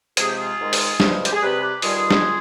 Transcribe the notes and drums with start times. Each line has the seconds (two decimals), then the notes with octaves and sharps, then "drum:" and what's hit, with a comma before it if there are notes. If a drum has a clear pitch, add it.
0.17 C3 F3 G#3 G#4, drum: hi-hat
0.27 G4
0.38 F4 G#4
0.60 G#2 D#3 G#3
0.73 drum: open hi-hat
1.00 G2 F3 G#3, drum: snare
1.25 G4, drum: hi-hat
1.33 G#4
1.41 C3 G3 G4 B4
1.62 G4 B4
1.82 G2 D#3 G3 F4 G#4, drum: open hi-hat
2.11 drum: snare